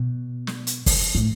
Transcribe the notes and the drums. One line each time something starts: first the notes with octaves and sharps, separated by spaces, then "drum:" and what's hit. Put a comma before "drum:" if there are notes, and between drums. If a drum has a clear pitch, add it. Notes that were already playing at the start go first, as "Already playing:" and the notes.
Already playing: B2
drum: snare
drum: hi-hat
drum: kick, open hi-hat
A2